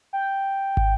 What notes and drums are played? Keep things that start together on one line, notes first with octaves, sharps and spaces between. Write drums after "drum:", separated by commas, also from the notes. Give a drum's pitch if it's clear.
G5
drum: kick